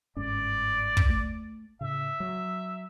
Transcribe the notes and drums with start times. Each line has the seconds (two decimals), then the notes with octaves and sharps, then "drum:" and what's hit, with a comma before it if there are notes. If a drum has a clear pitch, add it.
0.17 G1 G#2 C#4 D5
0.97 drum: kick
1.09 A3
1.81 A2 C#3 E5
2.20 F#3